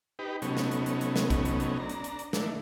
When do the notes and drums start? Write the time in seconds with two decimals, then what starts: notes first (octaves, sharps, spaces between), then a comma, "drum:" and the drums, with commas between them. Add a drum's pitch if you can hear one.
0.19 D#4 G4 B4
0.42 C3 F#3 A3 B3 C#4 D#4, drum: hi-hat
0.57 drum: snare
0.71 drum: hi-hat
0.86 drum: hi-hat
1.01 drum: hi-hat
1.16 drum: snare
1.30 drum: kick, hi-hat
1.45 drum: hi-hat
1.60 drum: hi-hat
1.80 D4 A#5
1.89 drum: hi-hat
2.04 drum: hi-hat
2.19 drum: hi-hat
2.33 D#3 A3 D4 E4, drum: snare